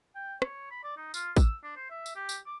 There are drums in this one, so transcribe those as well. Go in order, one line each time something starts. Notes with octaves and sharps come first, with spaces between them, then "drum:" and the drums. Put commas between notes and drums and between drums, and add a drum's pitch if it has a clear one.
G5
C#5, drum: rim click
B5
D5
D#4
F4, drum: tambourine
E6, drum: kick A1, tambourine
D4
C5
E5
drum: tambourine
G4
drum: tambourine
D6